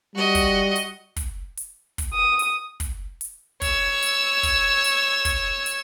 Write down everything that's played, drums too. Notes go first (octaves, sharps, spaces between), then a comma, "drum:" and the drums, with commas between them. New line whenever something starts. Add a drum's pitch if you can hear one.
G3 F#4 D#5
drum: kick, hi-hat
drum: hi-hat
drum: kick, hi-hat
drum: hi-hat
drum: kick, hi-hat
D#6
drum: hi-hat
drum: kick, hi-hat
drum: hi-hat
C#5 E6, drum: kick, hi-hat
drum: hi-hat
drum: kick, hi-hat
drum: hi-hat
drum: kick, hi-hat
drum: hi-hat